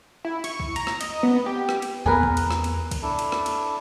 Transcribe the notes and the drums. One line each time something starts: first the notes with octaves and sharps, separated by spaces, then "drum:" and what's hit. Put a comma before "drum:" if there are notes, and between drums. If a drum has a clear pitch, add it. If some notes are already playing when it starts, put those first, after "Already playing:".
E4
C#6, drum: cymbal
drum: kick
A#5, drum: cymbal
drum: rim click
D#5, drum: cymbal
B3
G4
drum: rim click
drum: cymbal
E2 B3 G#4 A#4 B4
drum: kick
drum: cymbal
drum: rim click
drum: cymbal
drum: kick, cymbal
D4 E4 A4
drum: cymbal
drum: rim click
drum: cymbal